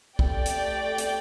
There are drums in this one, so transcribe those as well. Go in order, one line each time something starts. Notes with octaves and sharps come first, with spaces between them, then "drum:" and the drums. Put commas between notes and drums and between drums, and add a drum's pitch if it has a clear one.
A3 G4 D5 G5, drum: kick B1
drum: hi-hat
drum: hi-hat